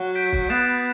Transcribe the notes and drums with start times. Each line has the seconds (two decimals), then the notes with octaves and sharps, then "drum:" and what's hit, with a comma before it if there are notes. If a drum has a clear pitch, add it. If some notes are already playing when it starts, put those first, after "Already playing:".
Already playing: F#3
0.15 G6 B6 D7
0.32 drum: kick B1
0.49 B3 D#6 F#6 A6 C7 E7